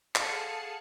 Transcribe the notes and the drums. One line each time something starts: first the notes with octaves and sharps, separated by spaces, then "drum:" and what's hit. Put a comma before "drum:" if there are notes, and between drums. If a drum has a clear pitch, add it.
G#4 A4 F5 F#5 A5 C#7, drum: clap